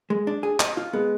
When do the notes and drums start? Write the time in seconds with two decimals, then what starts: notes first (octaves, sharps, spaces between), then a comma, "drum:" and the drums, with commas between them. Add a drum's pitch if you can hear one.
0.10 G#3
0.27 D4
0.43 G#4
0.60 D#5, drum: clap
0.77 F4
0.93 G#3 B3